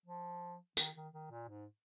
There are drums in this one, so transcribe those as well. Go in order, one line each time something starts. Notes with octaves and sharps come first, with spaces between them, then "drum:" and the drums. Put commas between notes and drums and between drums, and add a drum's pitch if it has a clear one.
F3
D#3, drum: tambourine
D#3
D#3
A#2
G#2